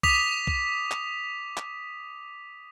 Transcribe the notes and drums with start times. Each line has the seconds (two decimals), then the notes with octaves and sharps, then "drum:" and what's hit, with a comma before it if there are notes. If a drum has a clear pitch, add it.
0.03 D6 D#6 B6 F7, drum: kick B1
0.47 drum: kick B1
0.91 drum: clap
1.57 drum: clap